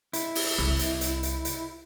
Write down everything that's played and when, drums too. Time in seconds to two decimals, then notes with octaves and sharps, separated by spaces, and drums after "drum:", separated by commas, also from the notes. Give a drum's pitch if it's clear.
0.13 E4, drum: hi-hat
0.35 drum: open hi-hat
0.58 C2, drum: rim click
0.79 drum: hi-hat
1.01 drum: hi-hat
1.23 drum: hi-hat
1.45 drum: hi-hat